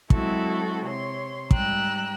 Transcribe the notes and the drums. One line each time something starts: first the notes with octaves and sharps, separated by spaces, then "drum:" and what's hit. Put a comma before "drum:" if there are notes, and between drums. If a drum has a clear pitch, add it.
F#3 G#3 C4 E4 F#4 A4, drum: kick
C3 C#5 C6
G#2 G3 G5 A#5 E6 F#6, drum: kick